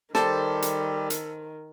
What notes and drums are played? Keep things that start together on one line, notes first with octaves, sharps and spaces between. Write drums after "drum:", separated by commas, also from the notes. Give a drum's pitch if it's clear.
D#3 G3 G4 A4 C5 A5, drum: snare
drum: hi-hat
drum: hi-hat